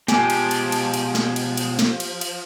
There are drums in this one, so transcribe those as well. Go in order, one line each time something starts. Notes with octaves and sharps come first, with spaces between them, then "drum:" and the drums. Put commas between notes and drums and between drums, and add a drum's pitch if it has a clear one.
B2 F3 G#3 G4 G#5 D6, drum: snare
drum: cymbal
drum: cymbal
drum: cymbal
drum: cymbal
drum: snare
drum: cymbal
drum: cymbal
drum: snare
drum: cymbal
drum: cymbal